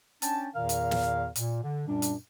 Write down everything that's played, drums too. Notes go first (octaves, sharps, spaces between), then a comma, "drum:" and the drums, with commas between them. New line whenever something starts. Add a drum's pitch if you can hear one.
C#4 D4 G5 A5, drum: hi-hat
E2 A#2 D#3 A#4 F5
drum: hi-hat
drum: snare
A#2, drum: hi-hat
D3
F#2 A#2 G3 D4
drum: hi-hat